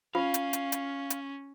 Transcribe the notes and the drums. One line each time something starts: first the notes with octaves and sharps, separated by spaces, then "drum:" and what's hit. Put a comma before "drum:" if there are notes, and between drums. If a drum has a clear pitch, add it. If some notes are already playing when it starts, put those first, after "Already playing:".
C#4 F4 F5
drum: hi-hat
drum: hi-hat
drum: hi-hat
drum: hi-hat